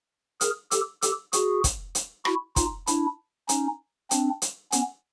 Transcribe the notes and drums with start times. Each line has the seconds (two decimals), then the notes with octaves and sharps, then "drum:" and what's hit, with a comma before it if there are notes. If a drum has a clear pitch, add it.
0.41 G#4 A#4, drum: hi-hat
0.71 G4 A4, drum: hi-hat
1.02 G4 A4, drum: hi-hat
1.33 F#4 G#4, drum: hi-hat
1.64 drum: kick, hi-hat
1.95 drum: hi-hat
2.25 E4 F#4, drum: rim click
2.56 D#4 F4, drum: kick, hi-hat
2.87 D4 E4, drum: hi-hat
3.49 C#4 D#4, drum: hi-hat
4.11 C4 D4, drum: hi-hat
4.42 drum: hi-hat
4.72 B3 C#4, drum: hi-hat